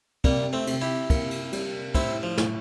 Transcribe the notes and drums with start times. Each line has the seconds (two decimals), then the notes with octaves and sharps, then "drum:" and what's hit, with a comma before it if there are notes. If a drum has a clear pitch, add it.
0.24 C3 G3 A#3, drum: kick, cymbal
0.53 A3 C4
0.67 C3, drum: cymbal
0.81 E4 G4
1.10 A#3, drum: kick, cymbal
1.31 drum: cymbal
1.52 G3, drum: cymbal
1.95 A2 C4 E4, drum: kick, cymbal
2.23 F3
2.38 A2, drum: snare